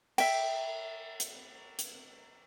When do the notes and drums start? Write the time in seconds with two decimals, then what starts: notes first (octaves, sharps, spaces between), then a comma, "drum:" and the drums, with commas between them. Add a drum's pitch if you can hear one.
0.18 E5 G5, drum: cymbal
1.20 drum: hi-hat
1.79 drum: hi-hat